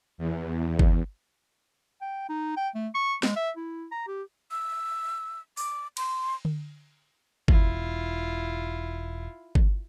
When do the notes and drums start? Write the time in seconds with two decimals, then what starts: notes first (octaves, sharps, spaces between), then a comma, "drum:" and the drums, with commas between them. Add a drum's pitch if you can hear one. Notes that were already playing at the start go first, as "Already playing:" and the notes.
0.18 E2
0.79 drum: kick G1
2.01 G5
2.29 D#4
2.56 G5
2.75 A3
2.95 C#6
3.23 G#3, drum: snare
3.36 E5
3.57 E4
3.91 A#5
4.07 G4
4.51 E6
5.57 D6, drum: open hi-hat
5.97 C6, drum: cymbal
6.45 drum: tom D3
7.48 E1 E4 F4, drum: kick G1
9.55 drum: kick G1